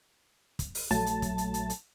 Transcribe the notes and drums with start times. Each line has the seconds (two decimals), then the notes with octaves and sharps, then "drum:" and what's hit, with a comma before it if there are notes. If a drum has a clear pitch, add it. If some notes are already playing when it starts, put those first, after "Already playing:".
0.59 drum: kick, hi-hat
0.75 drum: open hi-hat
0.91 A#1 F#3 A3 A5 A6, drum: hi-hat
1.06 drum: hi-hat
1.22 drum: kick, hi-hat
1.38 drum: hi-hat
1.54 drum: hi-hat
1.70 drum: hi-hat